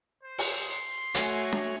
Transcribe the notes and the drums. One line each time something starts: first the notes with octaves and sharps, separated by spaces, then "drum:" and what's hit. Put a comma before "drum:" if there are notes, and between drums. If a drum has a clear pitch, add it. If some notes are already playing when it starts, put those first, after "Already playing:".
C5
drum: open hi-hat
C6
A3 F#4 C#5 G#5, drum: hi-hat
drum: snare D4